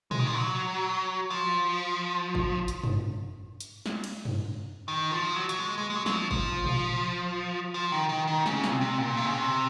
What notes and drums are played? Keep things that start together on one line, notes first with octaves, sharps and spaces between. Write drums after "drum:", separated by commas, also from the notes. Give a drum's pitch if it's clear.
G#3, drum: tom A#2
D#3
F3
F#3
F3
drum: kick G1
drum: hi-hat
drum: tom F#2
drum: hi-hat
drum: snare
drum: cymbal
drum: tom F#2
D#3
F3
F#3
F#3, drum: hi-hat
G#3
G#3
G#3
F#3
F#3, drum: snare
F3
F3, drum: kick G1
drum: tom A#2
F3
D#3
D#3
D#3
C#3, drum: snare
C3, drum: snare
C3
A#2
C3
C#3
C3